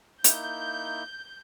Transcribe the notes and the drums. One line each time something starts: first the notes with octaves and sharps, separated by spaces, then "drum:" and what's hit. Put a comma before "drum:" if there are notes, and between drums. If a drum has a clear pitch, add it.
A#3 D#4 E4 G6, drum: hi-hat